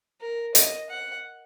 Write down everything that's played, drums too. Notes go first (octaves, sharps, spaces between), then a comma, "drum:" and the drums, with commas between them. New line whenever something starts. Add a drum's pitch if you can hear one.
A#4
D#5, drum: hi-hat
F#5